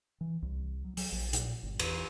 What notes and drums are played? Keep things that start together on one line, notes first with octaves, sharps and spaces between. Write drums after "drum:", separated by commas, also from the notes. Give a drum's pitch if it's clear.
E3
C2
F#3
F#3, drum: open hi-hat
A#1
A#2, drum: hi-hat
G1
E2, drum: cymbal